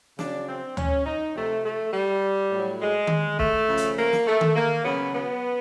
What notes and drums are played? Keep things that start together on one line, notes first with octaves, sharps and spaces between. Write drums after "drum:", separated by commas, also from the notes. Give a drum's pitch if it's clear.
C#3 F#3 D4, drum: snare
C4
C#4, drum: tom D2
D#4
C3 F3 A3
A3
G3
A2
F#3
G#3
drum: tom D#3
A3, drum: kick
C#3 F3
drum: hi-hat
A#3
drum: snare
A3
drum: tom D#3
A#3
C#3 F#3 B3
B3